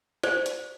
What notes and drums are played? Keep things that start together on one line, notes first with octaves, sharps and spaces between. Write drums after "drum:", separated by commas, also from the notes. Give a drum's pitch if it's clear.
C5 D5, drum: snare
drum: hi-hat